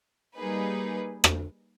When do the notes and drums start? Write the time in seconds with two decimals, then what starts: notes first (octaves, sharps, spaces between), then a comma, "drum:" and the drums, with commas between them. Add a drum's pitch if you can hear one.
0.35 G3 A#3 D#4 G#4 B4
1.24 drum: rim click